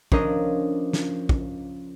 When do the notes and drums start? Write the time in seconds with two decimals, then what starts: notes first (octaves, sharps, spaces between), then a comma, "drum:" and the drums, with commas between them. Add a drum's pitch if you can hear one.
0.12 F3 C#4 D4 A#4 D#5, drum: kick
0.93 drum: snare
1.29 drum: kick